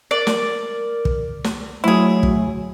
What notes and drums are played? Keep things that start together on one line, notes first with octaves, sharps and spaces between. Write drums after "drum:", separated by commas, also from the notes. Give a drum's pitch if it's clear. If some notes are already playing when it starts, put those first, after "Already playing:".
A#4 D5
drum: snare
drum: kick
drum: snare
F#3 A3 E4 G#4
drum: kick